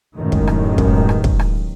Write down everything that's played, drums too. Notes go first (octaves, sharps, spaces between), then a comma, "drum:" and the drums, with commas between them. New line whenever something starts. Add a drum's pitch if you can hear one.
A1 F#2 D#3 G#3
drum: kick
drum: rim click
drum: kick
drum: rim click
drum: kick
drum: rim click